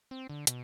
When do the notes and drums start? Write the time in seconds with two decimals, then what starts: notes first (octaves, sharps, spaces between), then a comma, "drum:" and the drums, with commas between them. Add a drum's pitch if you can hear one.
0.11 C4
0.30 D3
0.47 B2, drum: hi-hat